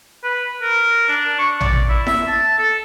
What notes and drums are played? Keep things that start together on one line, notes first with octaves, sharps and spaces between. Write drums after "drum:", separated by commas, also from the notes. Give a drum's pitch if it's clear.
B4
A#4
D4
C#6
D5, drum: tom
E4
E5, drum: snare E4
A5
A4